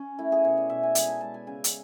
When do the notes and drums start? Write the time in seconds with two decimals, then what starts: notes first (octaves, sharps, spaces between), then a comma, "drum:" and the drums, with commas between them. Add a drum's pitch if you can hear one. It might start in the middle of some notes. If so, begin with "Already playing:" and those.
Already playing: C#4
0.18 A3 E4
0.32 G#4
0.45 B2 C#5
0.57 D5
0.70 B2 E5
0.83 G#5
0.95 G#3 G#5, drum: hi-hat
1.08 A5
1.21 G#3 A5
1.34 G#5
1.47 C#3 G#5
1.64 drum: hi-hat